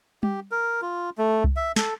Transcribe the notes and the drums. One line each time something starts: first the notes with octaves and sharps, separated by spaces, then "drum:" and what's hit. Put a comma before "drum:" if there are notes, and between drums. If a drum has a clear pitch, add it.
G4, drum: tom G3
A#4
F4
A3
drum: kick C2
E5
A4, drum: snare